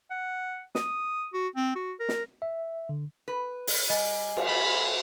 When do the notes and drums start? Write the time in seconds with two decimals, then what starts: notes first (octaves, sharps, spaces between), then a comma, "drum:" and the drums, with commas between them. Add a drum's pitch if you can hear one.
0.10 F#5
0.75 D#6, drum: snare
1.33 F#4
1.56 C4
1.75 F#4
1.99 A#4
2.09 drum: snare
2.42 E5
2.89 D3
3.28 B4
3.67 drum: open hi-hat
3.90 G3 D#5 G#5
4.37 drum: cymbal
4.48 A3 B5